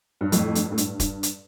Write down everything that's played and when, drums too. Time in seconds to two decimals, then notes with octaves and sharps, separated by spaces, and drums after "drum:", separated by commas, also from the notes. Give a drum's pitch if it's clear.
0.21 G2
0.32 F2 A2, drum: hi-hat
0.55 G2, drum: hi-hat
0.72 A2
0.78 G2, drum: hi-hat
1.00 G2, drum: kick E1, hi-hat
1.23 drum: hi-hat